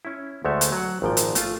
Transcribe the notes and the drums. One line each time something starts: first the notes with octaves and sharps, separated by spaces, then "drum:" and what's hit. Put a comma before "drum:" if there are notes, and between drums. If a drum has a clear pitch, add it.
C#4 E4
D2 G#3 A3 C#5 E5
drum: hi-hat
F#3 F#5
G#1 A#2 F3 G5
drum: hi-hat
A3 F4, drum: hi-hat